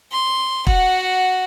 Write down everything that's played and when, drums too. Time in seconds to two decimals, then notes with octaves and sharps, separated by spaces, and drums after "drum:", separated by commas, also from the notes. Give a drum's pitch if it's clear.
0.11 C6
0.67 F#4 F#5, drum: kick